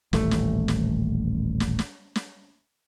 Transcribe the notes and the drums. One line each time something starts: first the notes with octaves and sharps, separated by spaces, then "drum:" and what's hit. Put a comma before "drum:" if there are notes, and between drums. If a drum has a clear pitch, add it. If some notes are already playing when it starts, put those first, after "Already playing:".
D#1 A1 A3, drum: snare
drum: snare
drum: snare
drum: snare
drum: snare
drum: snare